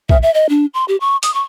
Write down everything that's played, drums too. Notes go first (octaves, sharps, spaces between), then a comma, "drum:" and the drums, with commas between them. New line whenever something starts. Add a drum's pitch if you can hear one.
E5, drum: kick A#1
E5
D#5
D4
C6
G4
C#6
D#6, drum: hi-hat
C#6